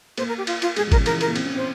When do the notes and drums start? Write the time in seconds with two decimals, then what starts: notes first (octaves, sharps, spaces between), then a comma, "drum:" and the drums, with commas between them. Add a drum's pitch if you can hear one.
0.18 A#3 C5, drum: cymbal
0.28 A#4
0.38 G4
0.47 F4, drum: cymbal
0.62 F4, drum: cymbal
0.76 G#3 G#4, drum: cymbal
0.87 F3
0.92 A#4, drum: kick G#1, cymbal
0.97 C#3
1.06 E3 A#4, drum: cymbal
1.21 A#4, drum: cymbal
1.27 A#3
1.36 C4, drum: cymbal
1.45 C#4
1.55 C4 C5